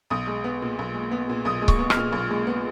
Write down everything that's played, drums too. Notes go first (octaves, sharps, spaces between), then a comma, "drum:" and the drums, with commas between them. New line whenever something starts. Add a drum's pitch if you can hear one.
B1 D#6
G#3
B3
A#2
B1
G#3
B3
A#2
B1 D#6
G#3
C#6, drum: kick C#1
B3
F6, drum: rim click
A#2
B1
G#3
B3